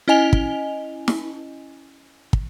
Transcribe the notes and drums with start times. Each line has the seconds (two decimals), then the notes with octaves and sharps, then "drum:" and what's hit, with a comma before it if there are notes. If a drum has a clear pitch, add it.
0.08 C#4 E4 D#5 G#5 F7 G7
0.33 drum: kick
1.08 drum: snare
2.33 drum: kick